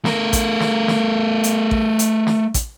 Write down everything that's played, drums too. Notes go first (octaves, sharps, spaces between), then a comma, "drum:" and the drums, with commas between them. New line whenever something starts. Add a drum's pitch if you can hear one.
A3 A#4, drum: snare
drum: kick A1, hi-hat
drum: snare
drum: snare
drum: hi-hat
drum: kick A1
drum: hi-hat
drum: snare
drum: kick A1, hi-hat